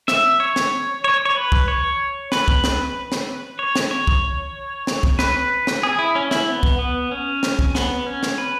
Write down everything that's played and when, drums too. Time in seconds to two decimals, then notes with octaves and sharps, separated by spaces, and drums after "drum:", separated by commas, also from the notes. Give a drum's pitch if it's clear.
0.08 E5, drum: snare
0.40 C#5
0.56 drum: snare
1.04 C#5
1.25 C#5
1.36 B4
1.52 drum: kick
1.68 C#5
2.32 B4, drum: snare
2.48 drum: kick
2.64 drum: snare
3.12 drum: snare
3.59 C#5
3.76 drum: snare
3.91 C#5
4.07 drum: kick
4.87 drum: snare
5.03 drum: kick
5.19 B4, drum: snare
5.67 drum: snare
5.83 G#4
5.99 E4
6.15 C#4
6.31 E4, drum: snare
6.48 B3
6.63 drum: kick
6.79 B3
7.11 C#4
7.43 drum: snare
7.59 drum: kick
7.75 B3, drum: snare
8.06 C#4
8.23 drum: snare
8.38 B4